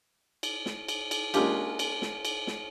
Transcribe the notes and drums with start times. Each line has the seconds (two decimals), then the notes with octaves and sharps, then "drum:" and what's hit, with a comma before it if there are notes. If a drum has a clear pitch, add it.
0.43 drum: cymbal
0.66 drum: snare
0.88 drum: cymbal
1.11 drum: cymbal
1.34 G#3 A#3 C#4 D4 F4 G4, drum: cymbal
1.79 drum: cymbal
2.02 drum: snare
2.25 drum: cymbal
2.47 drum: snare